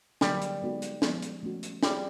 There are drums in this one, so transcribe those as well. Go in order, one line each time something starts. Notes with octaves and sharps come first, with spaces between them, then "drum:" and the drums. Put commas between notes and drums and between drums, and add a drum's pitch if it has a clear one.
D3 F#3 G3 A#3, drum: snare
drum: hi-hat
G#3 B3 D#4 F#4 A4
drum: hi-hat
F3 G#3 B3, drum: snare
drum: hi-hat
F3 A3 C#4 F#4
drum: hi-hat
G3 C4 F4 G#4 C#5, drum: snare